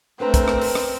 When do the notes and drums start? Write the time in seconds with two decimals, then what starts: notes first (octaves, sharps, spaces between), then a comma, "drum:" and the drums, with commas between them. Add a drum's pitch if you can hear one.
0.20 A3 C4 D4 A#4 B4 A#5
0.34 drum: kick, hi-hat
0.48 drum: rim click
0.62 drum: open hi-hat
0.75 drum: rim click